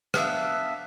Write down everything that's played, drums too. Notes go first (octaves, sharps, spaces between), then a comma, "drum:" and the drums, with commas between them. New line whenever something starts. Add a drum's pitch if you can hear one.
B3 D4 E5 F5, drum: rim click